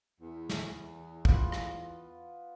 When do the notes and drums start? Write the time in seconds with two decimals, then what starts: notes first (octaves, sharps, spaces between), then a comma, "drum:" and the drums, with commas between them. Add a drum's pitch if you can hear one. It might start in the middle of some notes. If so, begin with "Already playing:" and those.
0.21 E2
0.49 drum: snare
1.25 B3 F4 B4, drum: kick
1.52 drum: rim click